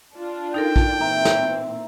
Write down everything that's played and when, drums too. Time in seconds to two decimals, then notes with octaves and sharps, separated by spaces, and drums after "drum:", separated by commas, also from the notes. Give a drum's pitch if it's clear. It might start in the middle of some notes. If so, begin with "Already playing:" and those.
0.15 D4 F4
0.54 D#4 A4 A#4 G5
0.76 drum: kick A#1
1.01 A#2 E3 C4 E5 A#5
1.25 drum: snare